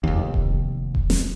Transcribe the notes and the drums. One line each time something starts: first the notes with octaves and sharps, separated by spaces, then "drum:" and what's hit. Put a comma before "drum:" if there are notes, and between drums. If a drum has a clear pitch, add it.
F1 D#2
drum: kick D#1
drum: kick D#1
drum: snare